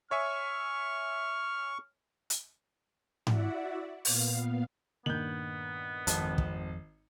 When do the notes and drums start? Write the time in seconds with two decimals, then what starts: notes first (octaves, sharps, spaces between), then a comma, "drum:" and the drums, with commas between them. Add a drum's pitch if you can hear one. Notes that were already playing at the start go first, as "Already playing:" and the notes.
0.11 C#5 E5 G#5 C#6 F6
2.30 drum: hi-hat
3.27 E4 F#4 D5 E5 F#5, drum: tom G#2
4.05 A#2 B3 F5, drum: open hi-hat
5.06 G2 A#2 D#3 B3 G6 F#7
6.07 G#1 F2 A5, drum: hi-hat
6.38 drum: kick